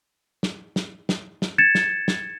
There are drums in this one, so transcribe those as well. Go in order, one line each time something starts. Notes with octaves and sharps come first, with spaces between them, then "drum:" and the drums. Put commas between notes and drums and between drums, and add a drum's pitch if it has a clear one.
drum: snare
drum: snare
drum: snare
drum: snare
G#6 A6 C#7 E7
drum: snare
drum: snare